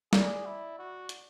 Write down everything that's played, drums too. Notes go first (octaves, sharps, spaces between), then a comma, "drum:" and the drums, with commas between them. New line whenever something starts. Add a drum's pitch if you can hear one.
G#4 D5, drum: snare
E4
F#4
drum: hi-hat